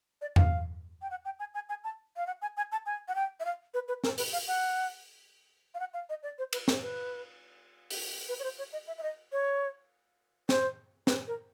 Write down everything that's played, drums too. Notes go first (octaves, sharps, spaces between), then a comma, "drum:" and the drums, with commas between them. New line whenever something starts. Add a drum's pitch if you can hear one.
D5
F5, drum: tom E2
G5
F#5
G5
G#5
G#5
G#5
A5
F5
F#5
G#5
G#5
A5
G#5
F#5
G5
E5
F5
B4
B4
A#4, drum: snare
B4, drum: open hi-hat
F5
F#5
F5
F#5
F5
D#5
D5
C5
B4, drum: cymbal
A#4, drum: snare
B4
drum: open hi-hat
B4
C#5
C5
C#5
D#5
E5
E5
D#5
C#5
C5, drum: snare
B4, drum: snare
A#4